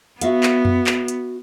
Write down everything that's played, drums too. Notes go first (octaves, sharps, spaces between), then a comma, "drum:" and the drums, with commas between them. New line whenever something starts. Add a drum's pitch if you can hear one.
B3 F#4 E5 F5, drum: hi-hat
drum: clap
drum: tom F2
drum: clap
drum: hi-hat